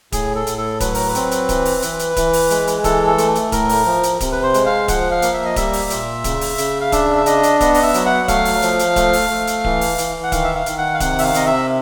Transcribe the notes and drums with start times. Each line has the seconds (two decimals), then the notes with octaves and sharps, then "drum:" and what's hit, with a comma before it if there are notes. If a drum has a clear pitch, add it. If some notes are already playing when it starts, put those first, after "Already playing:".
0.12 A2 G#4, drum: kick D1, hi-hat
0.35 A4
0.47 A2, drum: hi-hat
0.58 A4
0.80 F#3 B4, drum: kick D1, hi-hat
0.95 A#4, drum: open hi-hat
1.08 B4
1.15 C4, drum: hi-hat
1.31 drum: hi-hat
1.49 E3, drum: kick D1, hi-hat
1.65 drum: open hi-hat
1.82 E3, drum: hi-hat
1.99 drum: hi-hat
2.16 E3, drum: kick D1, hi-hat
2.33 drum: open hi-hat
2.50 G#3, drum: hi-hat
2.67 drum: hi-hat
2.84 E3 A4, drum: kick D1, hi-hat
3.07 A4
3.18 A3, drum: hi-hat
3.35 drum: hi-hat
3.52 A2 A#4, drum: kick D1, hi-hat
3.69 drum: open hi-hat
3.86 F3
4.03 drum: hi-hat
4.20 C3, drum: kick D1, hi-hat
4.32 B4
4.43 C5
4.54 G#3, drum: hi-hat
4.66 F5
4.88 F3 F#5, drum: kick D1, hi-hat
5.11 F5
5.22 A#3, drum: hi-hat
5.34 E5
5.45 D#5
5.56 G3 E5, drum: kick D1, hi-hat
5.73 drum: open hi-hat
5.90 A#2, drum: hi-hat
6.24 C#3, drum: kick D1, hi-hat
6.41 drum: open hi-hat
6.58 C#3, drum: hi-hat
6.81 F5
6.92 D4 E5, drum: kick D1, hi-hat
7.17 E5
7.26 D4 D#5, drum: hi-hat
7.43 drum: hi-hat
7.60 B3 D#5, drum: kick D1, hi-hat
7.74 D#5, drum: open hi-hat
7.83 E5
7.94 F#3, drum: hi-hat
8.06 F#5
8.28 A3 F5, drum: kick D1, hi-hat
8.45 drum: open hi-hat
8.62 F3, drum: hi-hat
8.79 drum: hi-hat
8.96 A3, drum: kick D1, hi-hat
9.13 drum: open hi-hat
9.30 A3
9.47 drum: hi-hat
9.65 E3, drum: kick D1
9.81 drum: open hi-hat
9.98 E3, drum: hi-hat
10.23 F#5
10.32 D#3 F5, drum: kick D1, hi-hat
10.44 E5
10.55 F5
10.66 D#3, drum: hi-hat
10.78 F#5
10.94 F5
11.00 C3 F#5, drum: kick D1, hi-hat
11.19 E5, drum: open hi-hat
11.23 F5
11.34 C3 D#5, drum: hi-hat
11.46 E5